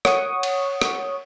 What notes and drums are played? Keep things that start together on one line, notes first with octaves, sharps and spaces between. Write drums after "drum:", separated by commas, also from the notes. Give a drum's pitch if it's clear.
C#5 F#5 C#6 D#6, drum: rim click
drum: cymbal
drum: rim click